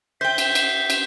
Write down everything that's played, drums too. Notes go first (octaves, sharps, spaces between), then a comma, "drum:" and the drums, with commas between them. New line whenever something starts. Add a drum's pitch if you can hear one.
C5 E5 G5 G6 G7
drum: cymbal
drum: cymbal
drum: cymbal